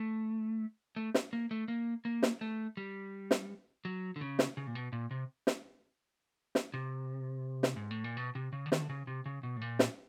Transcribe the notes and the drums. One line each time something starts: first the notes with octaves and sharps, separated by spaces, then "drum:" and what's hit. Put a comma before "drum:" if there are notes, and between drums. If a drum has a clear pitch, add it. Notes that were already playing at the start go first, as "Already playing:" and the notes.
Already playing: A3
A3
drum: snare
A#3
A3
A#3
A#3
drum: snare
A3
G3
drum: snare
F#3
D3
C#3
drum: snare
C#3
A#2
B2
A#2
C3
drum: snare
drum: snare
C3
drum: snare
G#2
A2
A#2
B2
C3
C#3
D3
D#3, drum: snare
D3
C#3
C3
C#3
B2
A2
A#2
drum: snare